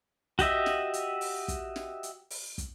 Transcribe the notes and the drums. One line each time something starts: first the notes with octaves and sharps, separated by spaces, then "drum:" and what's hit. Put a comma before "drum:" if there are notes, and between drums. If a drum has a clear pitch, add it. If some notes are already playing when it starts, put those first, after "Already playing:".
F#4 G4 D#5 E5, drum: kick, hi-hat
drum: snare
drum: hi-hat
drum: open hi-hat
drum: kick, hi-hat
drum: snare
drum: hi-hat
drum: open hi-hat
drum: kick, hi-hat